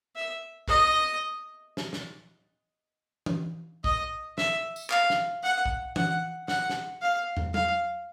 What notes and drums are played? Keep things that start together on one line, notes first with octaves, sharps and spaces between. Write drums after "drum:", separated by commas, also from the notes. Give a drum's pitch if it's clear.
E5
D#5, drum: kick B1
drum: snare
drum: snare
drum: tom E3
D#5, drum: kick B1
E5, drum: snare
drum: tambourine
F5, drum: clap
drum: snare
F#5
drum: kick B1
F#5, drum: tom E3
F#5, drum: snare
drum: snare
F5
drum: tom
F5, drum: tom F#3